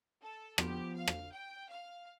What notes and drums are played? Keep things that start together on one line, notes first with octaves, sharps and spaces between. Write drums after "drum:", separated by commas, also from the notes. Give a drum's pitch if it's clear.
A4
F3 B3 F4 G4, drum: rim click
F5
drum: rim click
G5
F5